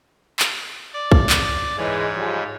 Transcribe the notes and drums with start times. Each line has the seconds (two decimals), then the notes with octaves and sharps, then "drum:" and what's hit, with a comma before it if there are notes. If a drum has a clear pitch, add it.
0.39 drum: clap
0.94 D5 D6
1.12 drum: kick
1.30 drum: clap
1.78 G#2 E3 G#3 C#5
2.16 F3 G3 G#3